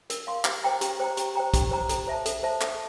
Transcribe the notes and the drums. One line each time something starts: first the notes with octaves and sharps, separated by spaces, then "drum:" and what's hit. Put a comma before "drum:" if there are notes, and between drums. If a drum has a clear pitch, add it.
A#4, drum: hi-hat
F5 C6
G4, drum: clap
C5 G5 A#5
G4, drum: hi-hat
C5 G5 A#5
G4, drum: hi-hat
C5 G5 A#5
G4, drum: kick, hi-hat
C5 G5 A#5
A4, drum: hi-hat
C5 E5 A5
A4, drum: hi-hat
C5 E5 A5
A4, drum: clap